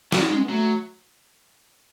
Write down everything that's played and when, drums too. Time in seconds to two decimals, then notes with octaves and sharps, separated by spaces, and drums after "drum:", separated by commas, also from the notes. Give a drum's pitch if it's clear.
0.12 F#3, drum: snare
0.20 E4
0.28 D#4
0.30 G#3
0.34 C#4
0.42 B3
0.49 F#3 A3